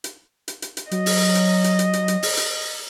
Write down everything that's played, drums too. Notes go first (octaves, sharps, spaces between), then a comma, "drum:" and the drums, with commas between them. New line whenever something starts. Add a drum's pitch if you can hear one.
drum: hi-hat
drum: hi-hat
drum: hi-hat
drum: hi-hat
F#3 D#5, drum: hi-hat
drum: open hi-hat
drum: hi-hat
drum: hi-hat
drum: hi-hat
drum: hi-hat
drum: hi-hat
drum: open hi-hat
drum: hi-hat